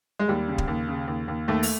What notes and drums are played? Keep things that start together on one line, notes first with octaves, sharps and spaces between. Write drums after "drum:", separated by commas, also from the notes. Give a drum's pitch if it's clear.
G#3
D#2 G3
C#3
drum: kick
D#2
C#3
D#2
D#2
D#2 A3
drum: open hi-hat